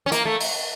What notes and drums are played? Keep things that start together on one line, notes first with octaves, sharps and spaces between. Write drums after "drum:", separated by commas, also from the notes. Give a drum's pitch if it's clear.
C#4
A#3, drum: hi-hat
A3
drum: open hi-hat